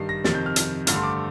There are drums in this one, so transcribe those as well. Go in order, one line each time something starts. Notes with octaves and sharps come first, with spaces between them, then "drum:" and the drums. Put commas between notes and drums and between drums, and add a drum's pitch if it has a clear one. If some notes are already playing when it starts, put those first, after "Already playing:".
Already playing: G2 D#3 G3 C7
A#6
F2 C3 D#3 A6, drum: snare
G6
F6
drum: hi-hat
G2 D3 A3 F6, drum: hi-hat
C6
D6